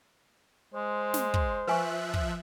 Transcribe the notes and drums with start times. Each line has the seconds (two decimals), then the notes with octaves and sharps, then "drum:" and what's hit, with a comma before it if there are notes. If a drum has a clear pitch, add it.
0.74 G#3 C5
1.14 drum: snare
1.34 drum: kick
1.67 F3 B4 E5 G#5 C#6 F#6
2.14 drum: kick